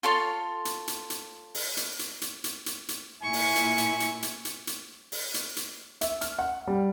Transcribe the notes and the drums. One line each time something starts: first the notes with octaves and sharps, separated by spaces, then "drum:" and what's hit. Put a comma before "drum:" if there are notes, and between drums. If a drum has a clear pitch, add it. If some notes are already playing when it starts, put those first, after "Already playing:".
F4 A4 C#5 C6
drum: hi-hat
drum: hi-hat
drum: hi-hat
drum: open hi-hat
drum: hi-hat
drum: hi-hat
drum: hi-hat
drum: hi-hat
drum: hi-hat
drum: hi-hat
A#2 E4 G#5 C#6
drum: open hi-hat
drum: hi-hat
drum: hi-hat
drum: hi-hat
drum: hi-hat
drum: hi-hat
drum: hi-hat
drum: open hi-hat
drum: hi-hat
drum: hi-hat
E5, drum: hi-hat
F6, drum: hi-hat
F#5
G3